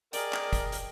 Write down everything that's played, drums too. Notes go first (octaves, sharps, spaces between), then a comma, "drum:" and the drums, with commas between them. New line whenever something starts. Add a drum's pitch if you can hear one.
G#4 A#4 D5 D#5 G5 A5, drum: hi-hat
drum: clap
drum: kick, hi-hat
drum: hi-hat